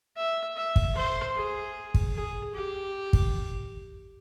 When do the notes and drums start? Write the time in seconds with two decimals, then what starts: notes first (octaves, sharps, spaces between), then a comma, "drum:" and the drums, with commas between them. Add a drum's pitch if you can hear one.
0.16 E5
0.56 E5
0.76 drum: kick
0.95 C5
1.35 G#4
1.94 drum: kick
2.15 G#4
2.54 G4
3.13 drum: kick